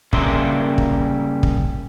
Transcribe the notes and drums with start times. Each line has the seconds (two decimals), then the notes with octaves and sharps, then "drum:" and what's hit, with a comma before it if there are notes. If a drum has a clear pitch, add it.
0.13 C#3 G3 A#3 A#4 E5 C6, drum: kick
0.78 drum: kick
1.43 drum: kick